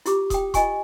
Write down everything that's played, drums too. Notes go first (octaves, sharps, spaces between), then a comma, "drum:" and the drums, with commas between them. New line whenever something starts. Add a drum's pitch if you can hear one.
E4 F4 G4 D6, drum: hi-hat
G5 D#6, drum: kick D#1, hi-hat
F4 D#5 G#5 C#6, drum: kick D#1, hi-hat